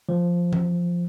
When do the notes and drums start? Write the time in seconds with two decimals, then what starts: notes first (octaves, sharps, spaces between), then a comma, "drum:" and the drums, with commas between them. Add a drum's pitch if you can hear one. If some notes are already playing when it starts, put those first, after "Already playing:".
0.09 F3
0.53 drum: tom E3